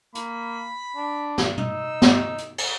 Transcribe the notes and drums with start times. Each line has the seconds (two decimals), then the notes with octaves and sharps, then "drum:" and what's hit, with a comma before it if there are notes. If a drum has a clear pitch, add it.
0.15 A#3 B5, drum: hi-hat
0.96 D4
1.38 drum: snare
1.57 D#4 E6, drum: tom
2.02 drum: snare
2.38 drum: hi-hat
2.58 drum: cymbal